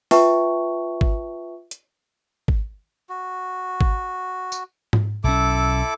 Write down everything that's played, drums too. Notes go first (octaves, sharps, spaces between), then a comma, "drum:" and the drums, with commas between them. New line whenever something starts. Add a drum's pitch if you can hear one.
F4 B4 E5 G5 A5 C#6, drum: open hi-hat
drum: kick G#1
drum: hi-hat
drum: kick G#1
F#4
drum: kick G#1
drum: tambourine
drum: tom G#2
B1 C#4 E4 A4 D6